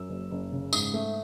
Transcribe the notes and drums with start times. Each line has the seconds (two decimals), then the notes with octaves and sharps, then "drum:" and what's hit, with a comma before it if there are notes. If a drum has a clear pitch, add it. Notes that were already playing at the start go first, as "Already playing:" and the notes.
Already playing: F#2 E6
0.10 F#1
0.31 F#1
0.52 C#3
0.73 G#2 D#6, drum: tambourine
0.94 A3